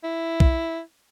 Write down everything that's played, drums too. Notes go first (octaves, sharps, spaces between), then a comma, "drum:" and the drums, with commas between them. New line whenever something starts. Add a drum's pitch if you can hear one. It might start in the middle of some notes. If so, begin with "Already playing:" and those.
E4
drum: kick